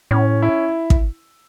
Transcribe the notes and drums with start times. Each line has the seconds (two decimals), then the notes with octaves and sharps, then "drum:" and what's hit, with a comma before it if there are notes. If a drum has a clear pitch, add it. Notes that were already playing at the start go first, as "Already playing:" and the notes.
0.11 A2 C#4
0.42 E4
0.90 drum: kick